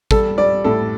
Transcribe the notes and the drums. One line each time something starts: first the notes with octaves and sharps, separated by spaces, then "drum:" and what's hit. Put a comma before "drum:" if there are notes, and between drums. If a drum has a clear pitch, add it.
G3 A4, drum: kick
G3 D5
A2 A4